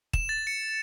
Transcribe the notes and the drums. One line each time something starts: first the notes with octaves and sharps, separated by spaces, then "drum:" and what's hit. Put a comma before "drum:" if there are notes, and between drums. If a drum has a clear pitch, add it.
E7, drum: kick
A6
C#7